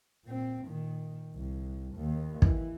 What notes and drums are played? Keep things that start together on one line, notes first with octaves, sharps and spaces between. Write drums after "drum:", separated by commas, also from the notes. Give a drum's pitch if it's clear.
A#2 C4
A#2 D#3
C2
D#2
E3, drum: kick